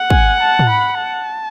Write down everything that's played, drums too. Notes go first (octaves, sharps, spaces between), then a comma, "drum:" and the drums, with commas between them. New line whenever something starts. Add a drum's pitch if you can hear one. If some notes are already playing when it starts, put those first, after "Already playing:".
Already playing: F#5
G#5, drum: kick
A5
drum: tom
B5
A5